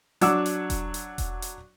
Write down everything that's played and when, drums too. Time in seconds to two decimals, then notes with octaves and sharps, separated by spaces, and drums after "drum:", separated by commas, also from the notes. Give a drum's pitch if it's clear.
0.21 F#3 D4 F#5 D6 E6, drum: hi-hat
0.46 drum: hi-hat
0.70 drum: kick E1, hi-hat
0.94 drum: hi-hat
1.18 drum: kick E1, hi-hat
1.42 drum: hi-hat